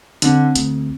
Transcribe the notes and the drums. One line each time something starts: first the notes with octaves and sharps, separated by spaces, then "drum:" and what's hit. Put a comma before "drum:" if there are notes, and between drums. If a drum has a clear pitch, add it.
D3 C4, drum: hi-hat
D2, drum: hi-hat